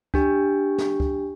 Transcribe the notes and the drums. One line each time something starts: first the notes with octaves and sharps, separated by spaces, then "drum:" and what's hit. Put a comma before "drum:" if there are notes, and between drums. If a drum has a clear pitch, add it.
D4 G4, drum: kick
drum: snare
drum: kick